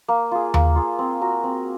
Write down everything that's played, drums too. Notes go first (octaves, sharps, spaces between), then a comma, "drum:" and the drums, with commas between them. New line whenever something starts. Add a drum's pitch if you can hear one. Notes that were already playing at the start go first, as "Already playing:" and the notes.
A#3
F4 G#4
A#3, drum: tom D#2
F4 G#4
C4
F#4 A#4
C4